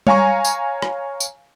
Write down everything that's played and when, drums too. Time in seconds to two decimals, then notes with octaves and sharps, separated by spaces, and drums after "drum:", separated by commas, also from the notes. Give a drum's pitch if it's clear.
0.07 C#5 F5 G#5 A#5 C#6, drum: tom G3
0.45 drum: tambourine
0.82 drum: rim click
1.20 drum: tambourine